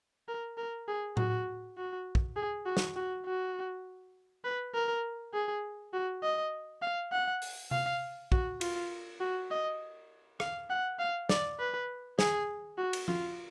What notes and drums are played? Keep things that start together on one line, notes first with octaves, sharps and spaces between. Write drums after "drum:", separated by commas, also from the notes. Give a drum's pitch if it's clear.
A#4
A#4
G#4
F#4, drum: tom A2
F#4
drum: kick
G#4
F#4
drum: snare
F#4
F#4
B4
A#4
G#4
F#4
D#5
F5
F#5
drum: open hi-hat
F5, drum: tom C3
F#4, drum: kick
F4, drum: cymbal
F#4
D#5
F5, drum: rim click
F#5
F5
D5, drum: snare
B4
G#4, drum: snare
F#4
drum: cymbal
F4, drum: tom F3